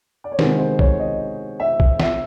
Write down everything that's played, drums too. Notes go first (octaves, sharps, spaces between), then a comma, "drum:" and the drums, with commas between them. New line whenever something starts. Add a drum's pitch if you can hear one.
D5
C#5
C3 D#3 G#3 B3 C5, drum: snare
C5
C#5, drum: kick A#1
D#5
E5
drum: kick A#1
E5, drum: snare